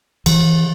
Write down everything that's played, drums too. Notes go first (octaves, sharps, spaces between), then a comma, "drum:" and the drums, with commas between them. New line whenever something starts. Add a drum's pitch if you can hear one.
E3, drum: cymbal